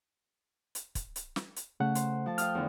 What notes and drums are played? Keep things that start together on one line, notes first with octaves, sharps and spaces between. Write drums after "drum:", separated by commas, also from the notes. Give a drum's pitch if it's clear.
drum: hi-hat
drum: kick, hi-hat
drum: hi-hat
drum: snare
drum: hi-hat
C#3 A3 F#5
C5, drum: hi-hat
F3 A5
F5 G5 D#6 F6, drum: hi-hat
E2 D3